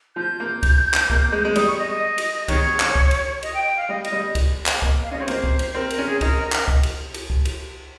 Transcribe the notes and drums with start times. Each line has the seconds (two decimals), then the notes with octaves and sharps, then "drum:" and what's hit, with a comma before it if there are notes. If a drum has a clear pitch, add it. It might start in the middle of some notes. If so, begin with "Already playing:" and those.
0.16 F3 G6
0.40 A#3
0.63 drum: kick C#2, cymbal
0.94 drum: clap
1.10 A#3, drum: kick C#2
1.32 G#3
1.45 G#3
1.56 G3 D#6, drum: cymbal
1.67 C#6
1.79 D#5
1.91 D#5
2.18 drum: cymbal
2.48 D#3 C#5, drum: kick C#2, cymbal
2.80 drum: clap
2.95 drum: kick C#2
3.11 drum: cymbal
3.43 D#5, drum: cymbal
3.54 G5
3.65 G5
3.77 F5
3.89 G3 D#5
4.05 D#5, drum: cymbal
4.12 G3
4.35 drum: kick C#2, cymbal
4.66 drum: clap
4.82 A#3, drum: kick C#2
5.04 F5
5.11 C#4 D#5
5.20 C4 C#5
5.28 A#3 C5, drum: cymbal
5.44 drum: kick C#2
5.59 drum: cymbal
5.74 C4 A#4
5.90 A#4, drum: cymbal
5.98 C#4
6.06 G#4
6.21 D#4 A#4, drum: kick C#2, cymbal
6.52 drum: clap
6.68 drum: kick C#2
6.83 drum: cymbal
7.14 drum: cymbal
7.30 drum: kick C#2
7.45 drum: cymbal